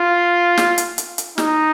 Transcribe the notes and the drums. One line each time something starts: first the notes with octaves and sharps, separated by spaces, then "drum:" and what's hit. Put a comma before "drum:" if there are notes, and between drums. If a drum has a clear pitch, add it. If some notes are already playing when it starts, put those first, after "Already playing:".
Already playing: F4
drum: snare
drum: hi-hat
drum: hi-hat
drum: hi-hat
D#4, drum: snare